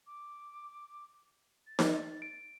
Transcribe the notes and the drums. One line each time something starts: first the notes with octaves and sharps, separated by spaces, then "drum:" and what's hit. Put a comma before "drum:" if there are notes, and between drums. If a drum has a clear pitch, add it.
D6
A6
drum: snare D#4
D7